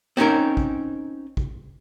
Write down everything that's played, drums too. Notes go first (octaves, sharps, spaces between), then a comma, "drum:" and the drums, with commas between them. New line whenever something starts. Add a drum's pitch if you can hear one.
C4 C#4 D#4 A#4
drum: kick A#1
drum: kick A#1